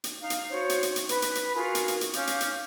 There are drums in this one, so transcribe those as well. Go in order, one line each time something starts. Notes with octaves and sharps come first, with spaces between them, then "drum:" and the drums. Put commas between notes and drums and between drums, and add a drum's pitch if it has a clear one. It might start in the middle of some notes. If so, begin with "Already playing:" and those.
drum: hi-hat
D#4 F5
drum: hi-hat
F#4 C5 C#5
drum: hi-hat
drum: hi-hat
drum: hi-hat
B4, drum: hi-hat
drum: hi-hat
drum: hi-hat
F4 F#4 G#4 A#4
drum: hi-hat
drum: hi-hat
drum: hi-hat
C#4 F5 D6 G6, drum: hi-hat
drum: hi-hat
drum: hi-hat